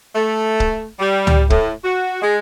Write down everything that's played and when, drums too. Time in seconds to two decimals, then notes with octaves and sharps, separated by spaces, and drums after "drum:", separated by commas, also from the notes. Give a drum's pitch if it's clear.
0.15 A3
0.60 drum: kick
0.99 G3
1.27 drum: tom C#2
1.50 A2, drum: kick
1.84 F#4
2.22 G#3